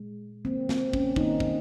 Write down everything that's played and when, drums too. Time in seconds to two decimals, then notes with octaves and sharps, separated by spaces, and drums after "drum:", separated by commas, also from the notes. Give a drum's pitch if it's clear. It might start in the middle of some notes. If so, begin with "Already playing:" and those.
Already playing: A#2 G#3
0.45 D#3 A#3 C4
0.69 C4, drum: snare
0.93 C#4, drum: kick
1.16 D#3 A#3 D#4, drum: kick
1.40 drum: kick